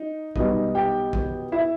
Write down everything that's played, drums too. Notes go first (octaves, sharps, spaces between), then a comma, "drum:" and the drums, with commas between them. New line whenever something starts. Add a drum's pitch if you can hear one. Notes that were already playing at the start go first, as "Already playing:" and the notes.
Already playing: D#4
B1 B2 G3 D#4 D#5, drum: kick A1
G4 G5
drum: kick A1
E4 E5